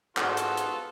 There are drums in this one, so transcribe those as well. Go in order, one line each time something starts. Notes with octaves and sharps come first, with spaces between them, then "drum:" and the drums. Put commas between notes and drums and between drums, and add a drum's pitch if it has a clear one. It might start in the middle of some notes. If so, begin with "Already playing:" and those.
G#2 B3 F4 F#4 A4, drum: clap
drum: hi-hat
drum: hi-hat